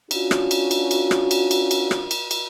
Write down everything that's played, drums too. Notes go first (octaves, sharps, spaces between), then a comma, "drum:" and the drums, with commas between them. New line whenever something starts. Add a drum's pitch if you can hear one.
C#4 D4 F4 F#4, drum: cymbal
drum: rim click
drum: cymbal
drum: cymbal
drum: cymbal
drum: rim click
drum: cymbal
drum: cymbal
drum: cymbal
drum: rim click
drum: cymbal
drum: cymbal